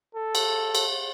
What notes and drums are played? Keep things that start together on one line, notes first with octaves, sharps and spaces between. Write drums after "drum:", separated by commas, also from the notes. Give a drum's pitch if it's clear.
A4
drum: cymbal
drum: cymbal